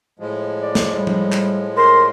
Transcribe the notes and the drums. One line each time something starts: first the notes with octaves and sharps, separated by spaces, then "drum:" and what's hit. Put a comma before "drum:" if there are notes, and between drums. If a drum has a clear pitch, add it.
A2 F3 G#3
D5
drum: snare
G3
drum: tom F3
drum: clap
A#4 C6